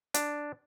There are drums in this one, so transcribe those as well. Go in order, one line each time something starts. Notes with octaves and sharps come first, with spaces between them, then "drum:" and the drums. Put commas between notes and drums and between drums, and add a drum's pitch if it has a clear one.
D4, drum: hi-hat